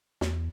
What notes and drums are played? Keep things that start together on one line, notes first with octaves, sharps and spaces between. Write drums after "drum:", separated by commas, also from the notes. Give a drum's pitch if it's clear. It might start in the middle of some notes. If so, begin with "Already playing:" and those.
E2, drum: snare